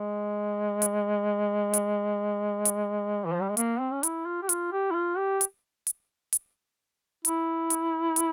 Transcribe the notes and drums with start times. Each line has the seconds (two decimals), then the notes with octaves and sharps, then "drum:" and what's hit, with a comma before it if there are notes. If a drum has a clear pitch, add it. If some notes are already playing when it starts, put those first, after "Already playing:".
Already playing: G#3
0.82 drum: hi-hat
1.74 drum: hi-hat
2.65 drum: hi-hat
3.26 E3
3.33 F3
3.42 G3
3.49 G#3
3.57 A#3, drum: hi-hat
3.80 C4
3.92 C#4
4.03 E4, drum: hi-hat
4.26 F4
4.43 G4
4.49 F4, drum: hi-hat
4.72 G4
4.91 E4
4.95 F4
5.17 G4
5.41 drum: hi-hat
5.87 drum: hi-hat
6.33 drum: hi-hat
7.25 E4, drum: hi-hat
7.70 drum: hi-hat
8.16 drum: hi-hat